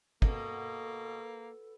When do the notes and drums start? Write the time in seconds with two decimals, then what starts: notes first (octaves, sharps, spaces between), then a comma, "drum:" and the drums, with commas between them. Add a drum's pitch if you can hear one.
0.22 B2 A#3 A4, drum: kick